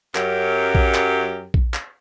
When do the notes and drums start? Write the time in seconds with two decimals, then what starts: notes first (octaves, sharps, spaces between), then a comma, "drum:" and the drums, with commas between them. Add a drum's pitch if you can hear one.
0.15 F#2 F#3 C#4 G4 A#4, drum: clap
0.75 drum: kick A#1
0.95 drum: clap
1.54 drum: kick A#1
1.74 drum: clap